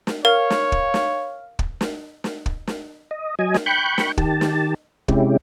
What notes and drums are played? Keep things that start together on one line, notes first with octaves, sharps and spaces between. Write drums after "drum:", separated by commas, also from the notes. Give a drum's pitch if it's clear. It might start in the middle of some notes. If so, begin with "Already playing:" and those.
drum: snare
A#4 C#5 F5
drum: snare
drum: kick
drum: snare
drum: kick
drum: snare
drum: snare
drum: kick
drum: snare
D#5
F#3 D#5 G#5
drum: snare
G5 B5 C#6 F#6 G6
drum: snare
D#3 G4 A5, drum: kick
drum: snare
C3 G#3 C#4 E4 G4, drum: kick